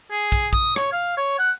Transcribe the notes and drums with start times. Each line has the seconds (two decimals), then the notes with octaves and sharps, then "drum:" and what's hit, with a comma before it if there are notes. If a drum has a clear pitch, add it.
0.11 G#4
0.32 drum: kick, tambourine
0.53 D#6, drum: kick
0.76 C#5, drum: rim click
0.93 F5
1.17 C#5
1.39 F#5